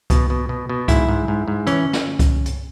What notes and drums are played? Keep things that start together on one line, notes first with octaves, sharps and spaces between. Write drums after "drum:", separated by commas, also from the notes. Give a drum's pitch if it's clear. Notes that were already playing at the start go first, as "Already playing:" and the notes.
B2, drum: kick C2, hi-hat
B2
B2
B2
G#2 E4, drum: kick C2, hi-hat
G#2
G#2
G#2
E3 C#4, drum: hi-hat
drum: snare
drum: kick C2, hi-hat
drum: hi-hat